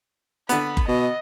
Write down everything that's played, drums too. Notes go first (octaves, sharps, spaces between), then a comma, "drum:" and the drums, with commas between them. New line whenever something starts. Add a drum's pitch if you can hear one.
D3 B3 B5, drum: hi-hat
drum: kick F#1
B2 D#5